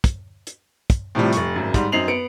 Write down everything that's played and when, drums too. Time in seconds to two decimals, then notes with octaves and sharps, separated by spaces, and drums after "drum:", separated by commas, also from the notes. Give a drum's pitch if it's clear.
0.04 drum: kick, hi-hat
0.47 drum: hi-hat
0.90 drum: kick, hi-hat
1.15 A2 C3 F3 G3
1.33 F1 C#6, drum: hi-hat
1.56 G#1 F#2
1.74 G#2 G3, drum: kick, hi-hat
1.92 F#2 C4 D#4 C7 F7 F#7
2.08 B3 C#7 D7